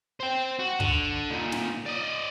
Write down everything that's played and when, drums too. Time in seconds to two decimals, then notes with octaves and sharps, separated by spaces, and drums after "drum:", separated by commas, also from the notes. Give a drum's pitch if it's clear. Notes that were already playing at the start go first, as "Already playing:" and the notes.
0.20 C5 G5
0.59 F#4
0.80 D3, drum: kick
1.30 A#2 D#3
1.52 drum: snare
1.86 D5 D#5